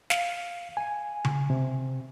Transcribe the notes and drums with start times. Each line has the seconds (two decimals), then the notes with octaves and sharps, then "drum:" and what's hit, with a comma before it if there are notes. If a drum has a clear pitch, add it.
0.10 F5, drum: snare
0.77 G#5
1.25 drum: tom C#3
1.50 C3